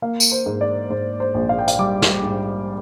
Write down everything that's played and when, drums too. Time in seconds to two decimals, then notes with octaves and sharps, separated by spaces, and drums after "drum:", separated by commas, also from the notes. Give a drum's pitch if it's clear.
0.02 A#3 F5
0.20 drum: tambourine
0.32 C5
0.46 G#2
0.61 D5
0.90 G#2 C5
1.20 C5
1.34 A#1
1.49 F5
1.59 G5
1.68 F5, drum: hi-hat
1.79 G3 D6
2.02 drum: snare
2.23 G#2